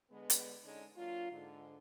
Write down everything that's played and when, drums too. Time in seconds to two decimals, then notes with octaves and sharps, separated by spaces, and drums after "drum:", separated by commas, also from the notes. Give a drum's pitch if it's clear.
0.11 D3 G#3 B3
0.30 drum: hi-hat
0.63 D3 G#3 C#4 D#4
0.96 F#3 A#3 D4 F4
1.31 G#2 D3